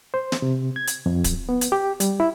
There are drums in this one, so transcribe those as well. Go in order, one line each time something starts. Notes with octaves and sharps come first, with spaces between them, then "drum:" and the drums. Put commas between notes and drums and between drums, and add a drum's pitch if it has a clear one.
C5
drum: snare
C3
G#6
drum: hi-hat
F2
drum: kick D1, hi-hat
B3
drum: hi-hat
G4
G3, drum: hi-hat
E4